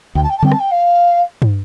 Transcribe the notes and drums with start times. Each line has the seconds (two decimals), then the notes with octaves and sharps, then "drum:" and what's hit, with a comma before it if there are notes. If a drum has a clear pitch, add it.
0.15 D2 G5
0.23 A5
0.29 G5
0.37 A5
0.42 D3 G3 C4 G5
0.52 A5, drum: rim click
0.59 G5
0.71 F5
1.42 drum: tom